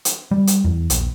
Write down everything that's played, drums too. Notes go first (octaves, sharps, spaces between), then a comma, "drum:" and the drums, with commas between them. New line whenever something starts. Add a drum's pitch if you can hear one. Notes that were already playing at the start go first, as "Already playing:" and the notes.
drum: hi-hat
G3
drum: hi-hat
E2
A#1, drum: hi-hat